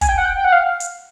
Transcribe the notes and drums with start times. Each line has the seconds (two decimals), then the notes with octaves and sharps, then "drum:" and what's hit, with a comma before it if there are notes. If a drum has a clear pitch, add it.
0.01 G#5, drum: kick, hi-hat
0.09 G5
0.18 F#5
0.25 G5
0.37 G5
0.45 F#5
0.52 F5
0.80 drum: hi-hat